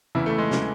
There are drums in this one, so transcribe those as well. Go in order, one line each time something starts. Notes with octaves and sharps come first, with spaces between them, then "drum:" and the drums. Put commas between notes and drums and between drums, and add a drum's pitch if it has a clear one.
E2 C#3 E3 E4
A3
G#3
C#3 E3, drum: snare